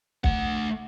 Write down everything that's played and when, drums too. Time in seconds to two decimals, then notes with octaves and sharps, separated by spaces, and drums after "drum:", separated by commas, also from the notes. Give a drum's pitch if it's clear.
0.24 A3 F#5, drum: kick